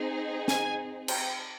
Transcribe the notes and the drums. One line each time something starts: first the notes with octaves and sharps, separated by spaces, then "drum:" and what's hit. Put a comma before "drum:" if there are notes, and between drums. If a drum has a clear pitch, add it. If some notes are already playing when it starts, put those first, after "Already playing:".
Already playing: C4 D#4 G#4
G#5, drum: snare
G5, drum: cymbal